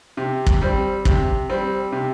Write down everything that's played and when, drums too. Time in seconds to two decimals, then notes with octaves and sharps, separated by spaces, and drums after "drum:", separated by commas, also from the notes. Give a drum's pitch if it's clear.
0.17 C3
0.47 drum: kick
0.62 G3 C4
1.05 C3, drum: kick
1.50 G3 C4
1.92 C3